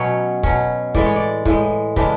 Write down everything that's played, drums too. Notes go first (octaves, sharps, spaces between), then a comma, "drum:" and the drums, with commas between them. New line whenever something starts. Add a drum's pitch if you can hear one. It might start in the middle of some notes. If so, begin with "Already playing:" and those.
Already playing: B2 F#3 C#4 B4 C#5
B2 F#3 C#4, drum: kick
A2 E3 G#3 D5, drum: kick
C#5
D5
A2 E3 G#3, drum: kick
C#3 E3 G#3 D4, drum: kick